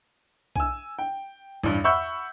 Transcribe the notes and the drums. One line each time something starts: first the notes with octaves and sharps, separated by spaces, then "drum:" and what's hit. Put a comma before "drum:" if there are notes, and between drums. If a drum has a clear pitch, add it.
G#5 E6, drum: kick B1
G5
A1 G2, drum: tom E2
E5 F#5 B5 C#6 E6 G6